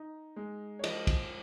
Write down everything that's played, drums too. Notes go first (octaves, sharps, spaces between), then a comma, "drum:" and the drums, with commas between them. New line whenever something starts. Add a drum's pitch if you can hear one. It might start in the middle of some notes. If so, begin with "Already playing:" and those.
Already playing: D#4
G#3
C#5
F3 D#5, drum: cymbal
drum: kick, cymbal